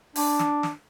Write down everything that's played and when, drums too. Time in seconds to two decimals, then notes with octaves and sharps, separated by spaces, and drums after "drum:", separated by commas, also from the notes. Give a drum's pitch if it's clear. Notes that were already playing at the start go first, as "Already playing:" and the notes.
0.16 D4, drum: open hi-hat
0.39 drum: snare
0.63 drum: snare